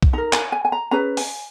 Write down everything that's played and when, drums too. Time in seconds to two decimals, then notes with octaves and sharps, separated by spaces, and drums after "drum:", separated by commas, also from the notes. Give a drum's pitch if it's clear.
0.03 drum: kick B1
0.13 D#4 A#4 A#5
0.33 G#5, drum: clap
0.52 G#5
0.65 G#5
0.72 A#5
0.91 C#4 G#4 B4 A#5
1.17 G#5, drum: open hi-hat